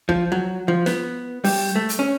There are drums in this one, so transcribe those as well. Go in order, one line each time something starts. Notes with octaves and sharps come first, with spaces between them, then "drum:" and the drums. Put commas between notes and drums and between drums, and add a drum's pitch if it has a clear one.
F3, drum: kick
F#3
F3
B3, drum: snare
G3, drum: open hi-hat
A3
drum: hi-hat
C#4